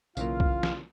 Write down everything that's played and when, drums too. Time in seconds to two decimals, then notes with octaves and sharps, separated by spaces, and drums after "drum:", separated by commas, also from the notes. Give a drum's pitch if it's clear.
0.17 B1 C#3 E3 A#3 F4 F5, drum: tambourine
0.40 drum: kick
0.63 drum: snare